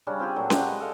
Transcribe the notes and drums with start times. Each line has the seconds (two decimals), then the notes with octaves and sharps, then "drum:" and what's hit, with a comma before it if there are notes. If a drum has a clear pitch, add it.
0.07 C#3 G3 C#4 D4
0.19 C4 F4 G4 G#4
0.36 A#2 F#3 A3
0.50 G#3 G4 F#5, drum: snare C#4
0.66 C#5 D#5 B5
0.80 A4 D5 F5